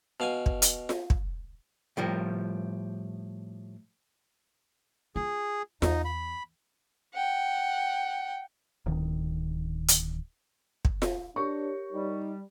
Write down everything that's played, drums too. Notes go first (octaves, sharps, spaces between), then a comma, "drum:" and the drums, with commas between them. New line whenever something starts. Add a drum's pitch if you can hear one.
B2 F5 G#5
drum: kick
drum: hi-hat
drum: snare F4
drum: kick
A2 F3 G3 A#4
F4 G#4
E2 D#4, drum: snare F4
B5
F#5 G5
D1 D#3
drum: hi-hat
drum: kick
drum: snare F4
D4 G4 A#4 C#5 C#6
G3 D#4